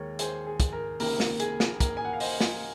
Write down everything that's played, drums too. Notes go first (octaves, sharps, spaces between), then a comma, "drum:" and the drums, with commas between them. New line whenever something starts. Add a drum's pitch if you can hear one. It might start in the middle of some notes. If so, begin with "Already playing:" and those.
Already playing: D#2 D#3 G#3 A#4 C#5
G#4 C5, drum: hi-hat
G#4
drum: kick, hi-hat
A#4
C#2 C3 D#3 A#3 A#4, drum: open hi-hat
drum: snare
G#4, drum: hi-hat
drum: snare
A#4, drum: kick, hi-hat
G#5
F#5
F5
C5 D#5, drum: open hi-hat
drum: snare